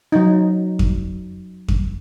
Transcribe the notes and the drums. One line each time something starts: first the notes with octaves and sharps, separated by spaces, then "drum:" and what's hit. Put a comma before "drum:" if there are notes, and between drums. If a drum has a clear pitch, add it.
F#3 D#4
drum: kick F2
drum: kick F2